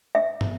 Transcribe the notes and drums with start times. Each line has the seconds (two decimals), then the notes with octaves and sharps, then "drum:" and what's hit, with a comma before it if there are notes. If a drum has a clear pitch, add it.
0.15 E5
0.41 drum: tom